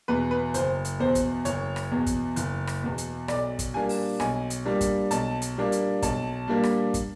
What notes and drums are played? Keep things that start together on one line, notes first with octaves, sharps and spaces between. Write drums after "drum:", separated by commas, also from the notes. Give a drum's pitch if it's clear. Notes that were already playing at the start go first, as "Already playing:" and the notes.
E2 B2 B4
B4
F#1 C5, drum: hi-hat
drum: hi-hat
E2 B2 C5
drum: kick, hi-hat
F#1 C#5, drum: hi-hat
drum: rim click
E2 B2
drum: kick, hi-hat
F#1, drum: hi-hat
drum: rim click
E2 B2
drum: hi-hat
B1 D5, drum: rim click
drum: kick, hi-hat
A#2 G3 A#3 D4 G#5
drum: open hi-hat
B1 G#5, drum: rim click
drum: hi-hat
A#2 G3 A#3 D4
drum: kick, hi-hat
B1 A5, drum: hi-hat
drum: hi-hat
A#2 G3 A#3 D4
drum: hi-hat
B1 A5, drum: kick, hi-hat
A#2 G3 A#3 D4
drum: rim click
drum: kick, hi-hat